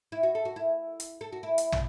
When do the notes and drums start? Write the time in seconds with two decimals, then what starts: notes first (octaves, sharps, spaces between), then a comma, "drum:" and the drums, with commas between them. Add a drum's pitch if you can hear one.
0.12 E4
0.23 F#4
0.35 A4
0.45 F#4
0.56 E4
1.00 drum: hi-hat
1.21 A4
1.32 F#4
1.43 E4
1.58 drum: hi-hat
1.72 drum: tom